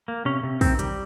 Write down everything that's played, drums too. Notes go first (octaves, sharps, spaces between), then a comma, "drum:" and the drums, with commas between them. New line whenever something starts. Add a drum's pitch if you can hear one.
A#3
C3 C#4
C3
D#3 C4, drum: kick, open hi-hat
G3, drum: hi-hat